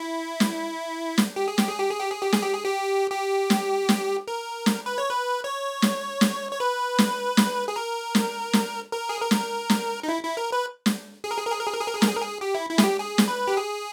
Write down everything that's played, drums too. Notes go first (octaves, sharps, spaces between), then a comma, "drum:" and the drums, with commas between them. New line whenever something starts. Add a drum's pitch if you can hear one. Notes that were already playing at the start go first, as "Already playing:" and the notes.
Already playing: E4
drum: snare
drum: snare
G4
G#4
G4, drum: snare
G#4
G4
G#4
G4
G#4
G4
G#4, drum: snare
G4
G#4
G4
G4
drum: snare
drum: snare
A#4
drum: snare
B4
C#5
B4
C#5
drum: snare
drum: snare
C#5
B4
drum: snare
drum: snare
G#4
A#4
drum: snare
drum: snare
A#4
G#4
A#4
drum: snare
drum: snare
D#4
E4
E4
A#4
B4
drum: snare
G#4
A#4
G#4
A#4
G#4
A#4
G#4
A#4
G#4
A#4
G#4
A#4, drum: snare
G#4
A#4
G#4
G4
E4
E4
G#4, drum: snare
G4
G#4
drum: snare
B4
G4
G#4